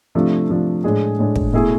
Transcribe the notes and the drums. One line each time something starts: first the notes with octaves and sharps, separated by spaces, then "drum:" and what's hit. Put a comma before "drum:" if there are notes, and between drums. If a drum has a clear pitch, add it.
C3 F3 A3 D4
C3 F3 A3 D4
A2 G#3 D4 G#4
A2 G#3 D4 G#4
drum: kick
B2 A3 E4 G#4